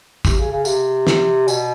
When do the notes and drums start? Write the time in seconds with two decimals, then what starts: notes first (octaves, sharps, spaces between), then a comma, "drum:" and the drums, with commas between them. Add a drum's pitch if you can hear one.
0.25 C3, drum: kick, tambourine
0.38 C#3
0.52 C#3
0.65 C3, drum: tambourine
1.07 drum: snare
1.48 B2, drum: tambourine